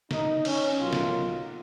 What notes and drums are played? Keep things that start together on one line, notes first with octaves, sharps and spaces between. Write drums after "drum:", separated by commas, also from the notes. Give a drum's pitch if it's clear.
D#4, drum: snare
C#4, drum: cymbal
B1 B2 F#3 A#3 F4
drum: snare